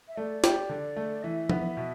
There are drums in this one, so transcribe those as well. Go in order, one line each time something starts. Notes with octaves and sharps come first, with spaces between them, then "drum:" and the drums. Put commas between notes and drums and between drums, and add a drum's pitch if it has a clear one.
E5
A3 D5
G4, drum: snare
D3
A3
E3 E5
B3, drum: tom F3
B2